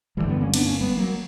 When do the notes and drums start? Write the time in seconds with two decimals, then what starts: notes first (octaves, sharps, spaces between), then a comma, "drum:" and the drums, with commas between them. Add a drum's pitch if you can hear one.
0.17 G1 G2 D3 E3 G3
0.29 G3 B3
0.41 A#3 C#4
0.54 B3 D4, drum: cymbal
0.66 A#3 C#4
0.81 G3 B3
0.97 F#3 A#3